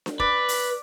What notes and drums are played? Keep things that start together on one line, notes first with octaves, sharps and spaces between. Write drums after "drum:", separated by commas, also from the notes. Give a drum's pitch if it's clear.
drum: snare D4
B4 D5, drum: kick
drum: open hi-hat